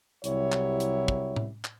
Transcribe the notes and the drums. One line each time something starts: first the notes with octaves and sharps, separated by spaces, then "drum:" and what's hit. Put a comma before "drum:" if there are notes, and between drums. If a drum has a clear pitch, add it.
C2 F#3 E4 G4 C#5, drum: hi-hat
drum: clap
drum: hi-hat
drum: kick
drum: tom A2
drum: clap